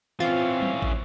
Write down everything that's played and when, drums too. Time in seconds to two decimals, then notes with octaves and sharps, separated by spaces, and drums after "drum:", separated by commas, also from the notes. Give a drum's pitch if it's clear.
0.20 E3 C4 C#4 F4 F5
0.62 drum: tom F#3
0.82 drum: kick